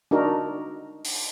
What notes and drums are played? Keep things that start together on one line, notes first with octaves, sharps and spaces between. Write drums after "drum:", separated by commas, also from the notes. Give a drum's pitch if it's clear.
D4 D#4 F#4 A#4
drum: open hi-hat